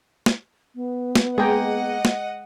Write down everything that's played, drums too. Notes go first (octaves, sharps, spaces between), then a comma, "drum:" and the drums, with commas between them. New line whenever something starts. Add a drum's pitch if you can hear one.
drum: snare
B3
drum: snare
G#3 A#3 G#4 D#5 F#5 G5 A#5
drum: snare